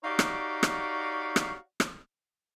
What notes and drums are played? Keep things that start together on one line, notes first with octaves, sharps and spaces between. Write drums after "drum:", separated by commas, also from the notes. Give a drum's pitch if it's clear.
D#4 F#4 G4 C#5 D5 F5
drum: rim click
drum: rim click
drum: rim click
drum: rim click